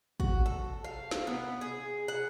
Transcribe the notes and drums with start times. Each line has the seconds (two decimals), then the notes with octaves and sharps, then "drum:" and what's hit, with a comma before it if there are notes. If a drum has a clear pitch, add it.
0.20 F#4, drum: kick
0.46 A4
0.84 F5
1.11 drum: snare
1.27 B3
1.61 G#4
2.08 F#5